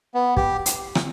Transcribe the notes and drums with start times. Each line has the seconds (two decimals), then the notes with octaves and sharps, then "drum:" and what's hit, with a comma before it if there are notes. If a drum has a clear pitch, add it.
0.14 B3
0.37 G4, drum: kick
0.66 drum: hi-hat
0.95 drum: rim click